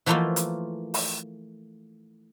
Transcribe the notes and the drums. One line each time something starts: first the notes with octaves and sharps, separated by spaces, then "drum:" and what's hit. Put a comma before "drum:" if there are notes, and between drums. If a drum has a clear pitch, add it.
E3 F3 A3 A#3 E4 F4
drum: hi-hat
drum: open hi-hat